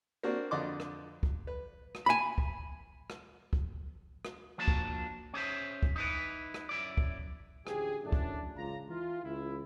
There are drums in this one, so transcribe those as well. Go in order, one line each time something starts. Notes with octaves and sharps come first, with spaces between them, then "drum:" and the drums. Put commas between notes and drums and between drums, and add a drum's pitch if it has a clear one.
A#3 C4 D4 F#4
F2 D3 D5 D#5 C6 D6
drum: rim click
drum: kick
B4
drum: rim click
G#5 B5
drum: kick
drum: rim click
drum: kick
drum: rim click
F3 A#3 D4 F#4 A5
drum: kick
C#4 G#4 C5 E5
drum: kick
D#4 E4 B4
drum: rim click
F#2 E4 D5
drum: kick
A1 D2 F3 G4 G#4, drum: rim click
F#2 A2 D3 A3 D4
drum: kick
C#2 F4 A#5
E3 F4
C#2 E4